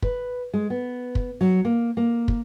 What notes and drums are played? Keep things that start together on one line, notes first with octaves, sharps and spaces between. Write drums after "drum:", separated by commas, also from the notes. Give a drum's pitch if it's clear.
B4, drum: kick
G#3
B3
drum: kick
F#3
A#3
A#3
drum: kick